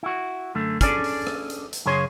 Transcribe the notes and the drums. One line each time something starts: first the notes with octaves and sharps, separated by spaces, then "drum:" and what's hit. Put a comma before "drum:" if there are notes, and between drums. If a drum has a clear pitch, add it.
E4 F#4
F#2 D3 A3
C#4 D4 G#4 A4 D5, drum: kick, hi-hat
drum: open hi-hat
drum: rim click
drum: hi-hat
drum: hi-hat
F#2 C#3 G#4 C#5 C6